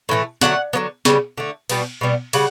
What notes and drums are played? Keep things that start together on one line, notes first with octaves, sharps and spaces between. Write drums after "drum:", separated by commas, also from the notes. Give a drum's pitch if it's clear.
A2 E3 A3
D3 F#3 A3 F#5, drum: snare
D3 F#3 B3
C#3 G3 B3, drum: snare
D3 A3
B2 G3 B3, drum: cymbal
B2 G3 B3
C#3 G3 F#5, drum: cymbal